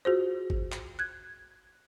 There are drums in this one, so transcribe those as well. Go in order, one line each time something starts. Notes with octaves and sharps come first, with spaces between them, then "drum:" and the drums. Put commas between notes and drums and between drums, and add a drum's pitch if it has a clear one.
F4 F#4 G#4 C5
drum: kick G#1
drum: clap
F#6 G#6